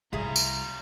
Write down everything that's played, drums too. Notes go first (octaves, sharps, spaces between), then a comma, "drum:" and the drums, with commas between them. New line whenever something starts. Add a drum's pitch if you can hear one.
C2 G3 E4 F4 G#4 A#5
drum: tambourine